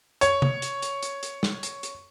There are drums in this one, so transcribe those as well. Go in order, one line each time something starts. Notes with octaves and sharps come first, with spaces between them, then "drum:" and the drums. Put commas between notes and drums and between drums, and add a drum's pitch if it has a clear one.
C#5, drum: hi-hat
drum: tom
drum: hi-hat
drum: hi-hat
drum: hi-hat
drum: hi-hat
drum: snare
drum: hi-hat
drum: hi-hat